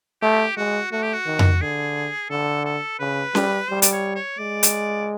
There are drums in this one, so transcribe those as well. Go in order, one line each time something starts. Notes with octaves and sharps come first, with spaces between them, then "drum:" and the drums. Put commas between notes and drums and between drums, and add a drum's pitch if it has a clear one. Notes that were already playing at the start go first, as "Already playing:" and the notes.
A3 G4
G#3 F#4
A3 F#4
G4
F#4
D#3
drum: tom F2
D3 G#4
D3 A4
A4
C#3 B4
G3, drum: snare C#4
G3 C5
D5, drum: hi-hat
C#5
C#5
G#3 D5
drum: hi-hat